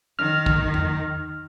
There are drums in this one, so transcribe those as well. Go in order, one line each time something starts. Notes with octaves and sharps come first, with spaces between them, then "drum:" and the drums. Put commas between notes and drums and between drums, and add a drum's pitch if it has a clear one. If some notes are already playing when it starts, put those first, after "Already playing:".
D#3 F6
drum: kick
drum: tom E2